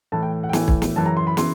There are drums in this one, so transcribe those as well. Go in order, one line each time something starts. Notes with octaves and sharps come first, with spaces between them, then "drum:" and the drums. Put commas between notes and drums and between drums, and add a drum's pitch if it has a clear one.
A2 E3 A5
G5
F#5
G5
A2 E3 G#5, drum: snare
drum: kick
drum: snare
F#2 C#3 E3 A5
A#5
C6
B5
C#3 E3 C6, drum: snare